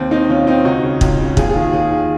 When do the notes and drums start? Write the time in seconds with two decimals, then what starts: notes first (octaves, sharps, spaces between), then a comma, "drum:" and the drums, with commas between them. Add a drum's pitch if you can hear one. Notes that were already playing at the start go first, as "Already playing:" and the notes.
Already playing: D#2 C4
0.11 D#3 C4 D#4
0.29 D#2 C#4 F4
0.47 D#3 C4 D#4
0.65 C#2 D#4 F#4
0.83 C#3
1.01 C#2, drum: kick
1.19 C#3
1.37 D#2 F4 G#4, drum: kick
1.49 F4 G#4
1.55 D#3
1.73 D#2 F4 G#4
1.91 D#3